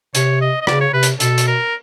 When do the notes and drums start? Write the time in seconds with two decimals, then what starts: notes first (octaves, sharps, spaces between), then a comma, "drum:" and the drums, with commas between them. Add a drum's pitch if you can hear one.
0.15 C3 C#5, drum: hi-hat
0.41 D#5
0.61 D#5
0.67 C#3 D5, drum: rim click
0.81 C#5
0.93 C3 B4
1.03 drum: hi-hat
1.20 B2 A4, drum: hi-hat
1.38 drum: hi-hat
1.47 A#4